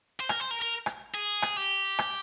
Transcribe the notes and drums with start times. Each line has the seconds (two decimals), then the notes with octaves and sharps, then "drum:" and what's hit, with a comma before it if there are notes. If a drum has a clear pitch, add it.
0.20 C5
0.29 A#4, drum: rim click
0.40 C5
0.51 A#4
0.62 A#4
0.86 drum: rim click
1.14 G#4
1.42 drum: rim click
1.56 G4
1.99 drum: rim click